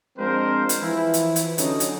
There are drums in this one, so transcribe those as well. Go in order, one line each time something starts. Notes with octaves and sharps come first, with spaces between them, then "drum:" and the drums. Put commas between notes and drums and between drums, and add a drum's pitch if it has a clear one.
F3 G#3 C4 D4 A#4 C5
drum: hi-hat
E3 F3 E4
drum: hi-hat
drum: hi-hat
D3 F#3 C#4 D#4, drum: hi-hat
drum: hi-hat